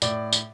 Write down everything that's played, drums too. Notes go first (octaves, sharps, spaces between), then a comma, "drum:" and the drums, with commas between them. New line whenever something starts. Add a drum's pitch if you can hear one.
A2 D5, drum: tambourine
drum: tambourine